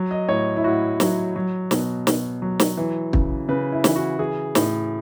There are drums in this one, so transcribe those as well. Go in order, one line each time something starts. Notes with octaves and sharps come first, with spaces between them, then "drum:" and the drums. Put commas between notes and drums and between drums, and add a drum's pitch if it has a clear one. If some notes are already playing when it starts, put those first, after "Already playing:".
Already playing: F#3
D#5
A2 C#5
E4
A2 F#4
F#3, drum: snare
F#3
B2, drum: snare
B2, drum: snare
F#3
drum: snare
E3
C#3, drum: kick
C#3 B4
E4
E3, drum: snare
F#4
E3 G#4
A2, drum: snare